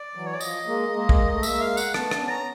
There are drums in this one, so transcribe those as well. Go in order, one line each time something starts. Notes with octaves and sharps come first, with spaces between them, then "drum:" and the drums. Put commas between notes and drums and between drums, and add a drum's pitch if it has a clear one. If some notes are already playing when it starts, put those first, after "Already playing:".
Already playing: D5
E3 F#3
C#5
D5
F3 D#5, drum: tambourine
G#3 A#3
G#3 A#3
drum: kick
A3
G#3 A#3 E5, drum: tambourine
F5
F#5, drum: tambourine
A3 B3 A5, drum: rim click
D4 A5, drum: rim click
B3 C#4
A#5